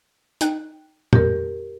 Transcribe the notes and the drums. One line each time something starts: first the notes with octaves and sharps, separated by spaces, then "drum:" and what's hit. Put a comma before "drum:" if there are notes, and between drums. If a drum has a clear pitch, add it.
D#4 G5 F#6, drum: hi-hat
F2 D#3 G3 G4 A#4, drum: tom